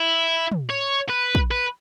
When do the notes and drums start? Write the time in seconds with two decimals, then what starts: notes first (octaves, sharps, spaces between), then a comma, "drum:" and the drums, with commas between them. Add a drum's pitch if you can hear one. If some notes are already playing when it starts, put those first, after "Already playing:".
Already playing: E4
0.52 drum: tom
0.69 C#5
1.10 B4
1.35 drum: kick
1.51 B4